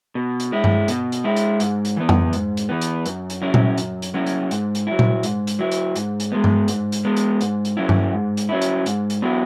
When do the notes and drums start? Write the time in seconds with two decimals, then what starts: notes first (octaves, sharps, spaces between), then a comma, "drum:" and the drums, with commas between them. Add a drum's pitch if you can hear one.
0.15 B2
0.40 drum: hi-hat
0.52 G#3 E4
0.64 drum: tom G2
0.88 B2, drum: hi-hat
1.12 drum: hi-hat
1.24 G#3 E4
1.36 drum: hi-hat
1.60 G#2, drum: hi-hat
1.85 drum: hi-hat
1.97 E3 B3
2.09 drum: tom F2
2.33 G#2, drum: hi-hat
2.57 drum: hi-hat
2.69 E3 B3
2.81 drum: hi-hat
3.06 F#2, drum: hi-hat
3.30 drum: hi-hat
3.42 F#3 C#4 E4
3.54 drum: tom A#2
3.78 F#2, drum: hi-hat
4.02 drum: hi-hat
4.14 F#3 C#4 E4
4.26 drum: hi-hat
4.51 G#2, drum: hi-hat
4.75 drum: hi-hat
4.87 F#3 E4
4.99 drum: tom A#2
5.23 G#2, drum: hi-hat
5.47 drum: hi-hat
5.59 F#3 E4
5.72 drum: hi-hat
5.96 G#2, drum: hi-hat
6.20 drum: hi-hat
6.32 G#3 B3
6.44 drum: tom G2
6.68 G#2, drum: hi-hat
6.92 drum: hi-hat
7.05 G#3 B3
7.17 drum: hi-hat
7.41 G#2, drum: hi-hat
7.65 drum: hi-hat
7.77 F#3 C#4 E4
7.89 drum: tom G2
8.13 G#2
8.37 drum: hi-hat
8.49 F#3 C#4 E4
8.62 drum: hi-hat
8.86 G#2, drum: hi-hat
9.10 drum: hi-hat
9.22 F#3 B3 E4